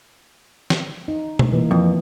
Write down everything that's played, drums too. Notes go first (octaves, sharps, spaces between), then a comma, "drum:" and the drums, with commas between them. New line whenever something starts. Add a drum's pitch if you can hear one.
drum: snare
D#4
drum: tom B2
E3 A#3
F2